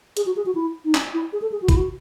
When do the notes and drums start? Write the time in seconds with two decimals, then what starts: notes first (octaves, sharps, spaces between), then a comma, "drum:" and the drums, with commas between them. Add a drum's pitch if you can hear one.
0.17 G#4, drum: hi-hat
0.26 F#4
0.36 G#4
0.46 F#4
0.55 E4
0.85 D#4
0.95 C#4, drum: clap
1.14 E4
1.33 G#4
1.42 A4
1.52 G#4
1.62 F#4
1.68 E4, drum: kick A1, hi-hat
1.77 F#4